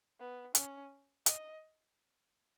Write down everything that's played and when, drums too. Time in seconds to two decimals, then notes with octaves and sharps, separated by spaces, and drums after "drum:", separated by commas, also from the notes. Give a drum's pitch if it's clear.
0.20 B3
0.55 C#4, drum: hi-hat
1.26 D#5, drum: hi-hat